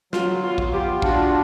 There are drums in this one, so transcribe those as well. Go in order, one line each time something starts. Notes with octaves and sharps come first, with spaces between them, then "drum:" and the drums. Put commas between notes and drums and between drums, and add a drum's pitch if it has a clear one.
F#3 F4, drum: snare
B3 F4
drum: kick
F4 G4
D4 F#4, drum: kick